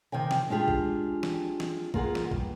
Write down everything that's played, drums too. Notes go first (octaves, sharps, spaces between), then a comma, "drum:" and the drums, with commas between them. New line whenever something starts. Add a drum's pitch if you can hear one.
C3 D#3 G5 G#5
drum: snare
G#3 D4 F4 G4 G#4
drum: kick A1
drum: snare
drum: snare
A#3 F4 G#4 F#5, drum: kick A1
drum: snare
G2, drum: kick A1